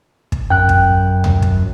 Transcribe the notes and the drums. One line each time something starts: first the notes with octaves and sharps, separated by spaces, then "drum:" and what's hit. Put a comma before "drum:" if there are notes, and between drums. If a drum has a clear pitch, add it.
drum: kick
F#2 G5 F#6
drum: kick
drum: tom D2
drum: kick